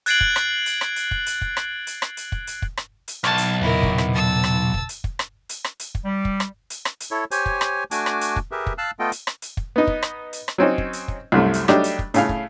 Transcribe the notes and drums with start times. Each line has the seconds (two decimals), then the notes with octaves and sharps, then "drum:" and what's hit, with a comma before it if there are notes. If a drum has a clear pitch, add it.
0.06 F#6 G#6 A6 C7 D7 F#7, drum: hi-hat
0.21 drum: kick
0.36 drum: rim click
0.66 drum: hi-hat
0.81 drum: rim click
0.96 drum: hi-hat
1.11 drum: kick
1.26 drum: hi-hat
1.41 drum: kick
1.57 drum: rim click
1.87 drum: hi-hat
2.02 drum: rim click
2.17 drum: hi-hat
2.32 drum: kick
2.47 drum: hi-hat
2.62 drum: kick
2.77 drum: rim click
3.08 drum: hi-hat
3.24 B1 A5 F6 G#6, drum: rim click
3.38 drum: hi-hat
3.61 E2 A#2 C#3 E4 A#4
3.83 drum: kick
3.98 drum: rim click
4.14 A5 E6
4.44 drum: rim click
4.74 drum: kick
4.89 drum: hi-hat
5.04 drum: kick
5.19 drum: rim click
5.49 drum: hi-hat
5.64 drum: rim click
5.80 drum: hi-hat
5.95 drum: kick
6.05 G3
6.25 drum: kick
6.40 drum: rim click
6.70 drum: hi-hat
6.85 drum: rim click
7.00 drum: hi-hat
7.11 E4 A4 C#5
7.31 G4 C5 C#5 G#5, drum: hi-hat
7.46 drum: kick
7.61 drum: rim click
7.91 A3 D4 F#4 G#5 D6, drum: hi-hat
8.06 drum: rim click
8.21 drum: hi-hat
8.36 drum: kick
8.51 G4 G#4 A#4 B4 E5
8.67 drum: kick
8.78 F5 A5 E6 F#6
8.99 A3 B3 F4 A4 D#5 G5
9.12 drum: hi-hat
9.27 drum: rim click
9.42 drum: hi-hat
9.57 drum: kick
9.76 B3 D#4
9.87 drum: kick
10.02 drum: rim click
10.33 drum: hi-hat
10.48 drum: rim click
10.58 F#3 C4 C#4 D#4
10.78 drum: kick
10.93 drum: hi-hat
11.08 drum: kick
11.32 C2 F#2 C3 A3
11.54 drum: hi-hat
11.68 F#3 G3 A3 D4 D#4 G4, drum: rim click
11.84 drum: hi-hat
11.99 drum: kick
12.14 A2 C#3 F5, drum: hi-hat
12.29 drum: kick